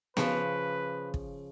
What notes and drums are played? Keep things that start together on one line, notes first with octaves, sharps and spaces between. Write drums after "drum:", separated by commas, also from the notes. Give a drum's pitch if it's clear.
C#3 F3 B4, drum: snare B3
drum: kick